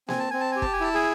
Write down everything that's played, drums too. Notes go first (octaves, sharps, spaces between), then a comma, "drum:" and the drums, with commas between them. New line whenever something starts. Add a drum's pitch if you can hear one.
C4 G#5, drum: snare A#3
A5
C4 G#5
A5
G4 G#5
A5, drum: kick
G#5
E4 A5
G#4 G#5